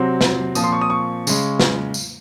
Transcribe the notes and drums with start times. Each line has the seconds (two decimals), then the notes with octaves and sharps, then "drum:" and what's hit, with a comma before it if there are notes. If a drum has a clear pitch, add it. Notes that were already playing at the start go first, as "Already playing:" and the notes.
Already playing: C3 F#3 C4
0.21 drum: snare
0.55 A#2 F3 C4 D#6, drum: tambourine
0.64 C6
0.73 C#6
0.81 D#6
0.90 C#6
1.27 C#3 G#3, drum: tambourine
1.60 drum: snare
1.94 drum: tambourine